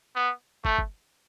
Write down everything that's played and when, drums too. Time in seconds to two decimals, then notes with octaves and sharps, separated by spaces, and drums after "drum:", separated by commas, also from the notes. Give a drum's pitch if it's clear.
0.16 B3
0.65 A3, drum: kick
0.78 drum: kick